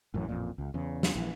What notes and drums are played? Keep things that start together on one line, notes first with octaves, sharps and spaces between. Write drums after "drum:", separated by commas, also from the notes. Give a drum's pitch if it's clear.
A1 F#2 A2 E3
A1 F2 A#2
C#2
E2 C#3
drum: snare
A#1 E3